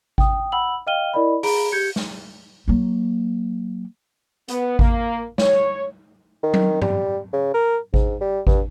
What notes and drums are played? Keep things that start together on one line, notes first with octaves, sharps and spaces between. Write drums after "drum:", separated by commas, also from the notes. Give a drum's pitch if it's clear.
G5 D#6, drum: kick G#1
F#5 B5 E6 F#7
D#5 F5 G5 F6 D#7 G7
E4 A#4 D5 D#5 B5
G#4 A#5 B5 D7, drum: open hi-hat
G4 G6 G#6 C#7
drum: snare
F#3 A#3
B3, drum: hi-hat
A#3, drum: kick G#1
C#5, drum: snare
D#3
drum: tom F#3
G3, drum: tom G2
C#3
A#4
G#2, drum: kick G#1
G3
G2, drum: kick G#1